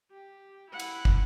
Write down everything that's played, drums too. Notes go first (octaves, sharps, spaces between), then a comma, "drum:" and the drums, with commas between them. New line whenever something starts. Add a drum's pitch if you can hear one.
G4
E4 F#5
drum: cymbal
drum: kick